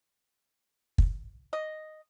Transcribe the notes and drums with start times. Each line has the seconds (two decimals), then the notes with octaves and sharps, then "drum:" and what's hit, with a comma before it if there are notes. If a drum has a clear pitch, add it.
0.98 drum: kick
1.53 D#5